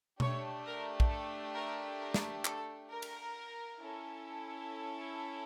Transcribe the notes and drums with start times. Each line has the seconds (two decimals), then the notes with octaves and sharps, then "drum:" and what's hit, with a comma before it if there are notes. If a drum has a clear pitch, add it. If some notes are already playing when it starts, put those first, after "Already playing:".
0.20 A3 D4 G4 C#5, drum: tom B2
0.66 A#4
1.00 drum: kick A#1
1.10 A4
1.55 A#4
2.00 A#4
2.14 drum: snare
2.45 A4, drum: clap
2.90 A#4
3.02 drum: cymbal
3.80 C#4 E4 A4